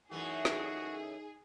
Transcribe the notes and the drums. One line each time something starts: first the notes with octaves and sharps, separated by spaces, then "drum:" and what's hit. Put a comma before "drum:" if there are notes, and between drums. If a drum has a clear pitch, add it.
F#2 E3 A3 D#4 F#4 G#4
drum: snare